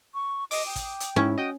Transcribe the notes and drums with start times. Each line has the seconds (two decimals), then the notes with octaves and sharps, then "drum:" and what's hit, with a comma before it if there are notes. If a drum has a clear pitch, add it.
0.14 C#6
0.51 D#5 D6 D#6, drum: open hi-hat
0.66 G5
0.76 drum: kick, hi-hat
1.00 drum: hi-hat
1.16 G#2 C#4 E4
1.38 F#4 D#5 G5 D#6